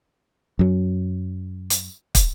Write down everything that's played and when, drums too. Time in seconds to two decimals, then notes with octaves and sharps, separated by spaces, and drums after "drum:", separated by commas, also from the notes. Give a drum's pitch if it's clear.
0.59 F#2 F#3
1.70 drum: hi-hat
2.15 drum: kick, hi-hat